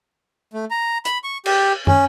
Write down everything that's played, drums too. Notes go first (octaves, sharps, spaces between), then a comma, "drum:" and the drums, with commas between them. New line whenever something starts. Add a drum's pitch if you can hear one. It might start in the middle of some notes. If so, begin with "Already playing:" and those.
A3
A#5
B5, drum: hi-hat
C#6
G4, drum: cymbal
C#4, drum: tom